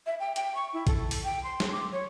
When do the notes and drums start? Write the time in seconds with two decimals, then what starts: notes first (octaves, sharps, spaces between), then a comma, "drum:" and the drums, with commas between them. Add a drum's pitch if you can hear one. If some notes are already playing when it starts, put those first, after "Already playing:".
0.06 E5
0.20 G5
0.36 G5, drum: hi-hat
0.55 C#6
0.73 E4
0.87 A4, drum: kick A1, hi-hat
1.11 drum: open hi-hat
1.24 G5
1.43 C6
1.60 drum: snare
1.72 D6
1.92 C#5